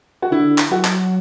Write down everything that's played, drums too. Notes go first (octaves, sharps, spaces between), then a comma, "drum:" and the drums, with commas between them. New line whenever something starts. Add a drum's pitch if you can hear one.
F#4
D3 E4
drum: clap
F#3 F#4
drum: clap